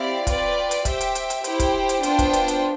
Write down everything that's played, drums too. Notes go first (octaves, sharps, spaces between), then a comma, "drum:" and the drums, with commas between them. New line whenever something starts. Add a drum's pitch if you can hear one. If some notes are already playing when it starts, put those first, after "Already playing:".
Already playing: C4 E4 G4 D5 F5
F4 B4 D5 G5, drum: kick, hi-hat
drum: hi-hat
G4 C5 E5 G5, drum: kick, hi-hat
drum: hi-hat
drum: hi-hat
drum: hi-hat
E4 G4 C5 G5, drum: hi-hat
drum: kick, hi-hat
drum: hi-hat
B3 D4 F4 C5 G5, drum: hi-hat
drum: kick, hi-hat
drum: hi-hat
drum: hi-hat